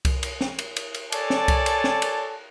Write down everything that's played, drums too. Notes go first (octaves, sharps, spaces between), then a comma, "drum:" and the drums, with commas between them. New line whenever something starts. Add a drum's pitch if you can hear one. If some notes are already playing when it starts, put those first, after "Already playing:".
drum: kick C2, cymbal
drum: cymbal
drum: snare
drum: cymbal
drum: cymbal
drum: cymbal
A4 C#5 D5 G#5 A5, drum: cymbal
drum: snare
drum: kick C2, cymbal
drum: cymbal
drum: snare
drum: cymbal